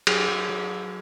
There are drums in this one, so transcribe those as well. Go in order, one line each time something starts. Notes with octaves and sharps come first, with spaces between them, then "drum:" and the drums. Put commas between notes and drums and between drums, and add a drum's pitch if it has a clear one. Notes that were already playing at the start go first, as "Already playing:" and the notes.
F#3 G#4, drum: cymbal
F#3
F#3